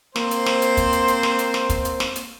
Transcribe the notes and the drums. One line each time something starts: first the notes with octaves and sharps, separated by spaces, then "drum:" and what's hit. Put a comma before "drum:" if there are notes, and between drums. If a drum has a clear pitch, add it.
A#3 C4 C5, drum: snare
drum: hi-hat
drum: snare
drum: hi-hat
drum: kick, hi-hat
drum: hi-hat
drum: hi-hat
drum: snare
drum: hi-hat
drum: snare
drum: kick, hi-hat
drum: hi-hat
drum: snare
drum: hi-hat